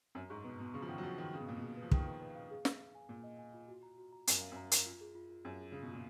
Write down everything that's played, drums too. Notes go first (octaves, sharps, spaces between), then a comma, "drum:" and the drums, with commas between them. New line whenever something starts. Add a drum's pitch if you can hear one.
F#2 A#5
G#2 C#6
B2 B4
B2 A#5
C#3 C#6
F3
D#3 F#5
F#3
F3 F#5
D#3 B4
C#3 G#4
B2
A#2 F5
B2
G#4
F3 B4
D#3 G#4, drum: kick
B4
B4
F5
G#4
G#4, drum: snare
G#4
G#5
A#2 G#4
D#5
G#5
F4
F#4
A#5
F#4
A#5
F#2 A#4, drum: hi-hat
F5
F#2 A#5
A#4, drum: hi-hat
F4
G#4
F4
F4
F#2 G#4
G#4
C#3 G#4
B2
A#2 F4